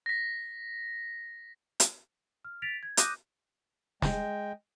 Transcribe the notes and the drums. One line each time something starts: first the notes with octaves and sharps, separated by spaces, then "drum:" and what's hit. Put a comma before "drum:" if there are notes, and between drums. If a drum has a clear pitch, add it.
A#6 B6
drum: hi-hat
F6
A6 B6 D7 F7
G#6
D6 D#6 F#6 G6 A#6 D#7, drum: hi-hat
G#3 G5, drum: snare